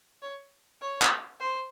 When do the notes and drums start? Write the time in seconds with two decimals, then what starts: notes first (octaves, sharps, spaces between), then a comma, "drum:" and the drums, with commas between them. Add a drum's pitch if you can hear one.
0.22 C#5
0.81 C#5
1.02 drum: clap
1.39 C5